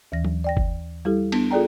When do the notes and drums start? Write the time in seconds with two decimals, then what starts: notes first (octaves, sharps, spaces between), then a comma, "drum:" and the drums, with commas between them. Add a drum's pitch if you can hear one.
0.12 D#2 E3 A#6
0.25 drum: tom F#3
0.44 D5 G5 A#6
0.57 drum: kick F#1
1.05 G3 E4 G4 A4
1.32 B3 D4, drum: cymbal
1.51 F4 G#4 A4 D5 G5 A#5